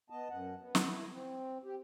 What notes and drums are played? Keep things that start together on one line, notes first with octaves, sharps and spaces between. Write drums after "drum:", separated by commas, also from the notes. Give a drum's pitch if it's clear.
B3 D#5 A5
F#2 F#5
B3
drum: snare
E4
C4
G4